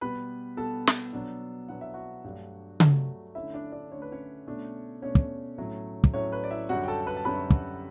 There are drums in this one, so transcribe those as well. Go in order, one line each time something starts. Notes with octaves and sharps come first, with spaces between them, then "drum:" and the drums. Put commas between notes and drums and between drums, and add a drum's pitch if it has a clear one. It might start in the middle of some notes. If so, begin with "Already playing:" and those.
B2 G3 B3 B4 B5
B2 G3 B3 A4 A5
drum: snare
B2 F#3 B3 D4
B2 F#3 B3 D4 F#5
E5
F#4 F#5
G2 F#3 A3 D4
G2 F#3 A3 D4, drum: tom C#3
D3 A3 C#4 E4 E5
D4 D5
D4 D5
D3 A3 C#4 C#5
B4
C#4 C#5
B2 A3 D4
B2 A3 C#4 D4 C#5
drum: kick
A2 F#3 A3 C#4
drum: kick
A2 F#3 A3 C#4 C#5
B4
D5
E4 E5
F#2 D3 G3 C#4 F#4 F#5
G5
A4 A5
B4 B5
A5
F#2 D3 G3 C#4 B4 B5
drum: kick